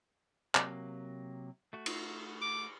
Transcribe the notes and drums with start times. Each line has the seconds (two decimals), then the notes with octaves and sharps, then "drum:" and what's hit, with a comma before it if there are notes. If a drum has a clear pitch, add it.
0.55 C3 F#3 A#3, drum: clap
1.73 A3 F#4
1.86 drum: cymbal
2.42 D6